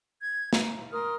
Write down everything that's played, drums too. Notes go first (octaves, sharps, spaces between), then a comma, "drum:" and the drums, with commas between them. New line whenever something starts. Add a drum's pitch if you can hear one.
G#6
A#5, drum: snare
A#4 C6 D#6 F6